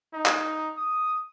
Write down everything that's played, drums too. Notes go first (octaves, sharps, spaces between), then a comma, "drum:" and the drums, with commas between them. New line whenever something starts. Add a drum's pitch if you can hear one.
D#4
drum: clap
D#6